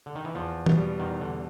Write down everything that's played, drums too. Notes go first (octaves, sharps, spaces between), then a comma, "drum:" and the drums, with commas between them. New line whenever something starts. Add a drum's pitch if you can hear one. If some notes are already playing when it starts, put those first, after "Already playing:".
D3
D#3
E3
E2 F3
B2 G3, drum: tom
E2 D#3
D3
B2